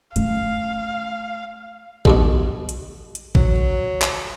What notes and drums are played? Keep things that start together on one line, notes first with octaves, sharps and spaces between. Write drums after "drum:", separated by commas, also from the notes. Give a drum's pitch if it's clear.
A3 C#4 F5, drum: hi-hat
B1 G2 B2, drum: kick A1
drum: hi-hat
drum: hi-hat
F#3, drum: kick A1
drum: clap